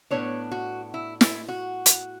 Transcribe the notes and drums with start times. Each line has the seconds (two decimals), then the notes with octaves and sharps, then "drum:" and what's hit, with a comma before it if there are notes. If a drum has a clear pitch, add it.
0.11 A2 E3 B3 D4 C#5
0.51 F#4
0.94 E4
1.21 E4, drum: snare
1.48 F#4
1.86 drum: hi-hat